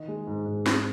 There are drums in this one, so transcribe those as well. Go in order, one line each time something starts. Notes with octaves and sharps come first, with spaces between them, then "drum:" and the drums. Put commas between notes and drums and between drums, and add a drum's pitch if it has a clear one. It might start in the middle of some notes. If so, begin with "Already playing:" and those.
Already playing: D#3 D#5
G#3
G#2
G#2
C4, drum: snare